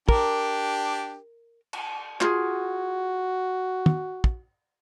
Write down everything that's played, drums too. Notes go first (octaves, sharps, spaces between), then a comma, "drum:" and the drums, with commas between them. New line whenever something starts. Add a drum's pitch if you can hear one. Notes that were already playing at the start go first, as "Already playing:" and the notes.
D4 G4 A#4, drum: kick
drum: cymbal
F4 F#4 G#4, drum: clap
drum: tom
drum: kick